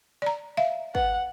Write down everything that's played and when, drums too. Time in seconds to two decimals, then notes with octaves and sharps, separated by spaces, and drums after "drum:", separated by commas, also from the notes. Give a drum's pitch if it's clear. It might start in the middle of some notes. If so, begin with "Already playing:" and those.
0.22 D5 A#5
0.57 E5 F5
0.95 B4 F#5, drum: kick